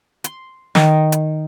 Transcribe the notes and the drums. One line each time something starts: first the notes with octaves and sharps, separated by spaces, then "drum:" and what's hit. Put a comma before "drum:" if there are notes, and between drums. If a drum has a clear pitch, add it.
C6, drum: hi-hat
D#3, drum: snare
drum: hi-hat